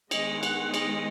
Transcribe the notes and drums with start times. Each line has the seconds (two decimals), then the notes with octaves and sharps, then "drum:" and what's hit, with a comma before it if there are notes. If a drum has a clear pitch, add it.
0.11 D#3 G#3 B3 D#5, drum: cymbal
0.43 F#5, drum: cymbal
0.74 D#5, drum: cymbal